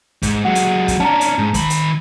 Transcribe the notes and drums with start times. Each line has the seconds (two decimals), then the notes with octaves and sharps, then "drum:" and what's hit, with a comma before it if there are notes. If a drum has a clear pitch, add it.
0.23 G#2, drum: kick, hi-hat
0.45 F#3 G#3 F#5
0.55 drum: hi-hat
0.88 drum: kick, hi-hat
1.00 C#4 D4 A5 A#5
1.21 drum: hi-hat
1.38 G#2
1.54 D#3 B5, drum: kick, hi-hat
1.70 drum: hi-hat